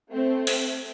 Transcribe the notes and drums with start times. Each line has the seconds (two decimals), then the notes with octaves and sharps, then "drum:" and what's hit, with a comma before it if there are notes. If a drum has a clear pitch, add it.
0.12 A3 C4
0.47 drum: open hi-hat